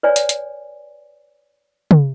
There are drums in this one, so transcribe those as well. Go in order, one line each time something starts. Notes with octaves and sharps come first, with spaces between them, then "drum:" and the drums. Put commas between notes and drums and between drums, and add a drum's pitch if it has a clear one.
B4 C#5 D5 G#5
drum: hi-hat
drum: hi-hat
drum: tom